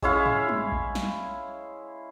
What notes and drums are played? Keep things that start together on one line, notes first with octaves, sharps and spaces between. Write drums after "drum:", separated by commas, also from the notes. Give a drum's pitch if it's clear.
G#3 C#4 E4 F5, drum: kick A#1
drum: tom
drum: tom
drum: kick A#1
drum: snare